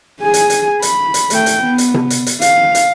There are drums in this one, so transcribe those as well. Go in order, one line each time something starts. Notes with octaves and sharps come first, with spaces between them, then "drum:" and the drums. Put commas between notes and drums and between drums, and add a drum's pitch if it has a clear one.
G#4 G#5
drum: hi-hat
drum: hi-hat
B5, drum: hi-hat
drum: hi-hat
A3 G5, drum: hi-hat
drum: hi-hat
B3
drum: hi-hat
drum: tom C3
drum: hi-hat
drum: hi-hat
F5, drum: hi-hat
drum: hi-hat